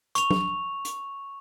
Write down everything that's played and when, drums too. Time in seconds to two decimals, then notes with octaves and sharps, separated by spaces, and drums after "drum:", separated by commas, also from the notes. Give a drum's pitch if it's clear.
0.15 C#6 F7, drum: hi-hat
0.31 drum: tom
0.85 drum: hi-hat